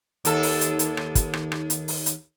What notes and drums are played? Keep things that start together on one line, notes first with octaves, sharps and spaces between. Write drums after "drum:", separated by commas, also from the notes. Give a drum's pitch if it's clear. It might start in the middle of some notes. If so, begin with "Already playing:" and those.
D#2 A4, drum: hi-hat
drum: open hi-hat
drum: hi-hat
drum: hi-hat
drum: rim click
drum: kick, hi-hat
drum: rim click
drum: rim click
drum: hi-hat
drum: open hi-hat
drum: hi-hat